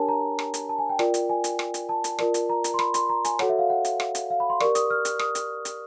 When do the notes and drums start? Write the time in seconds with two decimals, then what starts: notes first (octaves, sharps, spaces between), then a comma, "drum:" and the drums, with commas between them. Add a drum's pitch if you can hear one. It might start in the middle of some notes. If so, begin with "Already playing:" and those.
Already playing: D4 G4 A#4 C#5 G#5 A5
0.09 A#5
0.39 drum: rim click
0.54 drum: hi-hat
0.69 A5
0.79 G#5
0.89 G5
0.99 F4 A#4 D5, drum: rim click
1.14 drum: hi-hat
1.29 G#5
1.44 drum: hi-hat
1.59 drum: rim click
1.74 drum: hi-hat
1.89 A5
2.04 drum: hi-hat
2.19 F4 A#4 D5, drum: rim click
2.34 drum: hi-hat
2.49 A#5
2.64 drum: hi-hat
2.74 C6
2.79 B5, drum: rim click
2.94 C6, drum: hi-hat
3.09 A#5
3.25 G#5, drum: hi-hat
3.39 F#4 A4 C#5 F#5, drum: rim click
3.49 E5
3.59 F5
3.70 F#5
3.85 drum: hi-hat
4.00 drum: rim click
4.15 drum: hi-hat
4.30 F5
4.40 B5
4.50 C6
4.60 G4 A#4 D5 C#6, drum: rim click
4.75 D#6, drum: hi-hat
4.90 F6
5.05 drum: hi-hat
5.19 D#6, drum: rim click
5.35 drum: hi-hat
5.65 drum: hi-hat